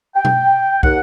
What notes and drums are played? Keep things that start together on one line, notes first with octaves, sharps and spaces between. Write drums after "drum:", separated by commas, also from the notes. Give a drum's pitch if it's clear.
G5
drum: tom B2
D#2 F#5, drum: kick